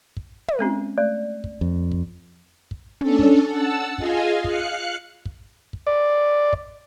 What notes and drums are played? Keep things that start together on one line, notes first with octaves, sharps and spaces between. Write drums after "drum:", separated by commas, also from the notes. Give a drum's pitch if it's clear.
drum: kick
drum: tom
G#3 C4 C#4
A3 D5
drum: kick
F2
drum: kick
drum: kick
C#4 D4 A4, drum: tom
drum: kick
F#5 A5 E6
F4 G#4 D#5 F5 G#5, drum: kick
F5 F#6 C#7, drum: kick
drum: kick
drum: kick
D5
drum: kick